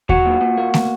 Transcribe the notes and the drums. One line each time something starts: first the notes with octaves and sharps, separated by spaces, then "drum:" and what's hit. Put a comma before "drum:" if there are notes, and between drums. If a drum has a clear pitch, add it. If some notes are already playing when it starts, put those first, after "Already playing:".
F#3 F#4, drum: kick D#2
A#2
A#2
A#3
drum: snare